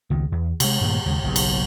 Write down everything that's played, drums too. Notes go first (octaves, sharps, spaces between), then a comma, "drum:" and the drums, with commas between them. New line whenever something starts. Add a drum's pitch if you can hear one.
C#2 D#3
E2
C3 G#3, drum: cymbal
G2 A#2 D#3 A3
D#2 C#3 G#3
F#1 B1 G#2
drum: cymbal